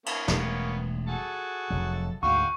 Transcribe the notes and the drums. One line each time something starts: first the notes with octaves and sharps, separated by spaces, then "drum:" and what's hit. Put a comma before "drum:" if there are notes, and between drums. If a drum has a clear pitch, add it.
A#3 B3 C#4, drum: cymbal
E1 G3 A3, drum: snare
F#4 G#4 A4
F1 F#3
D2 G#2 F#4 F5 G5 C#6